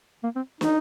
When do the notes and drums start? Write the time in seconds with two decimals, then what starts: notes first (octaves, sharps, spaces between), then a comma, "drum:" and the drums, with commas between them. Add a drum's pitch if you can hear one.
0.24 A#3
0.36 C4
0.61 D#4, drum: snare